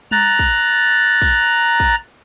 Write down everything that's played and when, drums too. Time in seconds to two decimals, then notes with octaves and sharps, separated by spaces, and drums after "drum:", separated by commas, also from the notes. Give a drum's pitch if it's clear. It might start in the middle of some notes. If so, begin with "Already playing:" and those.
0.11 A#5 F#6 A6, drum: tom G3
0.39 drum: kick
1.22 drum: kick
1.80 drum: kick